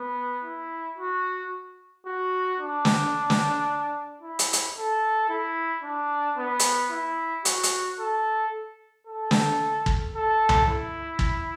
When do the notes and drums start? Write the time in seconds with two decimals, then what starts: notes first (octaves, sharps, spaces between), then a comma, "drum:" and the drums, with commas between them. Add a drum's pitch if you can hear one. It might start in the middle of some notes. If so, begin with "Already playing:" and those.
Already playing: B3
0.45 E4
0.98 F#4
2.06 F#4
2.60 D4
2.85 drum: snare
3.30 drum: snare
4.21 E4
4.39 drum: hi-hat
4.53 drum: hi-hat
4.76 A4
5.29 E4
5.83 D4
6.37 B3
6.59 drum: hi-hat
6.91 E4
7.45 F#4, drum: hi-hat
7.63 drum: hi-hat
7.99 A4
9.07 A4
9.31 drum: snare
9.86 drum: kick
10.15 A4
10.49 drum: tom C2
10.69 E4
11.19 drum: kick